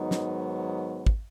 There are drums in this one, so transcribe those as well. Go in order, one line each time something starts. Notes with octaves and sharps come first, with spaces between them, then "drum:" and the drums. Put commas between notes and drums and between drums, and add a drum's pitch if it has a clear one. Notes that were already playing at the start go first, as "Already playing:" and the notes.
Already playing: G#2 D#3 F#3 B3 D#4
drum: snare
drum: kick